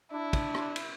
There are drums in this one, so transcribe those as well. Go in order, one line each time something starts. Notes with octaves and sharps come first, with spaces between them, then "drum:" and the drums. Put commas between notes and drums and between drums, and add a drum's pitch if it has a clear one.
D4 E4
drum: kick, cymbal
drum: rim click
drum: cymbal